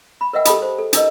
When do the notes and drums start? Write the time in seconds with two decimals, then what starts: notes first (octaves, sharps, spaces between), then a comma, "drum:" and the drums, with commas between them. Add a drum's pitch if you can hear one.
0.21 B5
0.33 A#4 B4 D#5 E5 F#5 G5
0.45 G4 A4 G5 A5 B5 D#6, drum: hi-hat
0.62 C5
0.78 A4
0.93 D4 E4 A#4 B4 D#5, drum: hi-hat